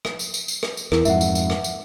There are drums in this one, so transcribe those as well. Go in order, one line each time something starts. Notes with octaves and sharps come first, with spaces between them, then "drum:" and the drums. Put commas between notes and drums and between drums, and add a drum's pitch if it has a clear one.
drum: rim click
drum: tambourine
drum: tambourine
drum: tambourine
drum: rim click
drum: tambourine
E2 E4 A#4, drum: rim click
F2 G#2 E5 F#5, drum: tambourine
drum: tambourine
drum: tambourine
drum: rim click
drum: tambourine